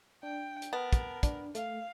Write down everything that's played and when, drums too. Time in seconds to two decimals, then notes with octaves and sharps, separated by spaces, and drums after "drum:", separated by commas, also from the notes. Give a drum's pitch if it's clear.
0.23 D4 G5
0.62 drum: hi-hat
0.73 B3 A#4 A5
0.93 drum: kick, hi-hat
1.23 D4, drum: kick, hi-hat
1.55 A3 F5, drum: hi-hat